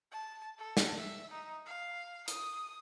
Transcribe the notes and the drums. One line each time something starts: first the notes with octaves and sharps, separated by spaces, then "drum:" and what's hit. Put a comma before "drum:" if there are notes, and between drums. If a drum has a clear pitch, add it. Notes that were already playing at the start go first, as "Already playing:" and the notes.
A5
A4
drum: snare
E5
D#4
F5
D#6, drum: hi-hat